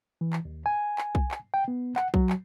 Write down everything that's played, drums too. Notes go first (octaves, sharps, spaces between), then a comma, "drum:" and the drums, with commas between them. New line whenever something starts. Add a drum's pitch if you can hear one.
E3
drum: clap
D#2
G#5
drum: clap
drum: kick B1
drum: clap
G5
B3
F#5, drum: clap
F#3, drum: kick B1
drum: clap